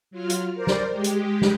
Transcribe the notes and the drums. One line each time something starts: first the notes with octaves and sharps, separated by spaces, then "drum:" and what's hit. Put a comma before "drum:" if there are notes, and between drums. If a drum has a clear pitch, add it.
F#3 F4 F6
drum: hi-hat
A#4 C5 D5
drum: snare
G#3 G4
drum: hi-hat
drum: snare